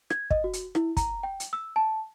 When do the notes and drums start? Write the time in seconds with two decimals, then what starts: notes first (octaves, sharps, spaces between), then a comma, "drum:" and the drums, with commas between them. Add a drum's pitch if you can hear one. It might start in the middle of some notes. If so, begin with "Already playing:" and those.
0.10 G#6, drum: rim click
0.31 D#5, drum: kick
0.44 F#4
0.53 drum: hi-hat
0.75 E4, drum: rim click
0.97 A#5, drum: kick, hi-hat
1.23 G5
1.40 drum: hi-hat
1.53 E6
1.76 A5